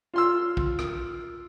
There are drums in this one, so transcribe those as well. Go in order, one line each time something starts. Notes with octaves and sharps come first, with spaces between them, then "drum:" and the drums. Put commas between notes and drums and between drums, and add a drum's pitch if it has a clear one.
F4 C6 E6
drum: kick A#1
drum: rim click